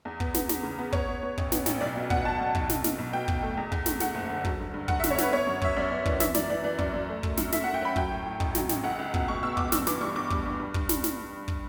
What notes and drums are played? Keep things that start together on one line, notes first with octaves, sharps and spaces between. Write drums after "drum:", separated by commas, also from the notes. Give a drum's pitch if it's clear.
E2
B3, drum: kick
B3, drum: snare
E2, drum: snare
C#3
B3
B3 C#5, drum: kick
B3
B3
A1, drum: kick
B3, drum: snare
A1, drum: snare
B1 D5
B2
B2 F#5, drum: kick
B2 A5
B2
B1, drum: kick
B1, drum: snare
B2, drum: snare
B1
B2 G5
B2, drum: kick
A3
E2
E2, drum: kick
A3, drum: snare
A3 F#5, drum: snare
F#1
D3
F#3, drum: kick
G2
G2
G2 F#5, drum: kick
E5
D3, drum: snare
C#5
G2 B4, drum: snare
B3 C#5
F#2
F#2 E5, drum: kick
F#2 D5
B3
E3, drum: kick
E3 E5, drum: snare
F#2 D5, drum: snare
E3 D5
E3 D5
F#2, drum: kick
F#2
A3
A3, drum: kick
F#2, drum: snare
A3 E5, drum: snare
F#5
A3
G5
C#4 B5
F#3 G5, drum: kick
A2
A2
A1, drum: kick
F#3, drum: snare
A1, drum: snare
C#2 F#5
C#2
B2, drum: kick
B2 C#6
B2 E6
B2 D6, drum: kick
G2 E6, drum: snare
E3 D6, drum: snare
G3 C#6
G2 D6
G3, drum: kick
G2
G2
G2, drum: kick
drum: snare
drum: snare
drum: kick